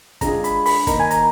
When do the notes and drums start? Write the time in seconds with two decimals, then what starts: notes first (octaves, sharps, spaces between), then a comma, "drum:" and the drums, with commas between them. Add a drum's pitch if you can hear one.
0.21 D3 G#3 D4 F4 G#4 A#5, drum: kick, hi-hat
0.44 B5, drum: hi-hat
0.66 B5, drum: open hi-hat
0.87 D#3 A#3 D4 A#5, drum: kick, hi-hat
1.00 G#5
1.11 A#5, drum: hi-hat